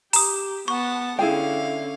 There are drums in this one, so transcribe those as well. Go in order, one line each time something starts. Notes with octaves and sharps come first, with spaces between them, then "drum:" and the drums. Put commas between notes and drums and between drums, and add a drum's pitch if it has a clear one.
G4 A#5 D#6, drum: open hi-hat
B3 F#5 A5 C#6
D3 C#4 E4 G#4 F5 G5